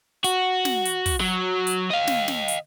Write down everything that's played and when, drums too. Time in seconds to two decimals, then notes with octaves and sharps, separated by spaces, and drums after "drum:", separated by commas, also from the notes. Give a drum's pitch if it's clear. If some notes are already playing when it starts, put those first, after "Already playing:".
0.24 F#4, drum: hi-hat
0.65 drum: snare
0.85 drum: hi-hat
1.06 drum: kick, open hi-hat
1.20 F#3
1.67 drum: hi-hat
1.90 D#5 F5
2.07 drum: snare
2.28 drum: snare
2.48 drum: hi-hat